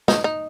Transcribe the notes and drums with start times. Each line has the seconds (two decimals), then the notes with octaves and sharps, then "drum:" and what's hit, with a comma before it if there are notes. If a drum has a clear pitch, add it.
0.08 D#4, drum: snare
0.24 D#4